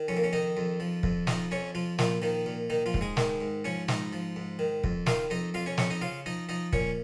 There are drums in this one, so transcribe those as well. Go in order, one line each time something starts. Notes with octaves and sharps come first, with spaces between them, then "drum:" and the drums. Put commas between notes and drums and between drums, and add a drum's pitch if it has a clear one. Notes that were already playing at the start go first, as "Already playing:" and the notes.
Already playing: D#3
F2 C#4
A#3
C#4
D#3 D#4 D#5
F2
F3
F2, drum: kick
F3 D#4 D#5, drum: snare
F2 C#4 C#5
F3 F4
A#2 F3 F4, drum: snare
D#3 F3 D#4
A#2
D#3 D#4
F3 F4
G#2, drum: kick
G#3 G#4
D#3, drum: snare
G#2
F3 C#4 C#5
G#2 D#4 D#5, drum: snare
F3
G#2
D#3
F2, drum: kick
D#3 F4 F5, drum: snare
F2 D#4 D#5
F2 F4 F5
C#4 C#5
F2 C#4 C#5, drum: snare
D#4 D#5
C#3 F4 F5
F3 D#4 D#5
F3 D#4 D#5
A#2 C#4 C#5, drum: kick